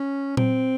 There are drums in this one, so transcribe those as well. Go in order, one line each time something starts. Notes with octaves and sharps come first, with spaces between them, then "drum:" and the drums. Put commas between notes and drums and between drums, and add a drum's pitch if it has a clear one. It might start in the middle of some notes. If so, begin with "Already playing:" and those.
Already playing: C#4
C4, drum: tom A#2